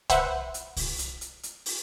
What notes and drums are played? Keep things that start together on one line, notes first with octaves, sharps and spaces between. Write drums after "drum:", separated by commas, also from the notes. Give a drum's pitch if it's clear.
B4 C5 E5 F#5, drum: kick C2, hi-hat
drum: hi-hat
drum: kick C2, open hi-hat
drum: hi-hat
drum: hi-hat
drum: hi-hat
drum: open hi-hat